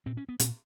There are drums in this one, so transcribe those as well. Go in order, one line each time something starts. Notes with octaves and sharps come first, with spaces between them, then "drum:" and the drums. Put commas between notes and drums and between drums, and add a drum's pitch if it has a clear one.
A#2 C4
C#4
B3
A#2 C4, drum: hi-hat